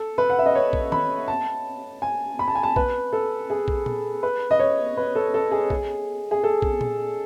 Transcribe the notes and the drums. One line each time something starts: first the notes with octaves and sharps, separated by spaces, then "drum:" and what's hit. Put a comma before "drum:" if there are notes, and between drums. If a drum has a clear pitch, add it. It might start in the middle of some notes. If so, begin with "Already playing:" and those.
Already playing: A4
B4
F#5
E5
D#5
C#5
drum: kick A#1
B5, drum: tom D#3
A5
G#5
B5
A5
G#5
A5
B4, drum: kick A#1
A4
G#4
drum: kick A#1
drum: tom A#2
B4
D#5
C#5
B4
A4
A4
G#4
G#4, drum: kick A#1
G#4
A4
drum: kick A#1
drum: tom A#2